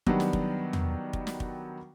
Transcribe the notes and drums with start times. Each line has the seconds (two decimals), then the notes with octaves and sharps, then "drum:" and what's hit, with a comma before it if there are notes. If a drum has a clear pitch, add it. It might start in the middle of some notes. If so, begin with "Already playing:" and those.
0.06 D#3 F#3 G3 B3 D4 F#4, drum: kick
0.20 drum: snare
0.33 drum: kick
0.73 drum: tom
1.13 drum: kick
1.27 drum: snare
1.40 drum: kick